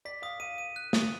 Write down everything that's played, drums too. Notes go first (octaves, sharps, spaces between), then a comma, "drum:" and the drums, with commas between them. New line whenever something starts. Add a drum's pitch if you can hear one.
D5 B6
F5 D#6
F5 D#7
D#7
F#6
D#6, drum: snare